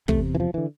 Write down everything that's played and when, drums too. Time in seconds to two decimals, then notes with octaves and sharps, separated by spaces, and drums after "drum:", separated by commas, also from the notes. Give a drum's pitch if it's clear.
0.08 E2 C3 A3, drum: kick
0.35 E3
0.40 F3
0.54 D3 E3